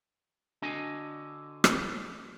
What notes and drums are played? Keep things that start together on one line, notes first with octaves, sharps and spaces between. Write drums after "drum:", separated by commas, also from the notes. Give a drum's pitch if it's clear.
D3 D4 F#4 D#5 G#5
drum: rim click